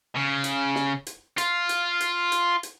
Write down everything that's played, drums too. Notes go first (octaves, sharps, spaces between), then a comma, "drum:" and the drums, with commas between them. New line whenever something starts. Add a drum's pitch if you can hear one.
C#3
drum: hi-hat
drum: snare
drum: hi-hat
F4, drum: hi-hat
drum: hi-hat
drum: hi-hat
drum: hi-hat
drum: hi-hat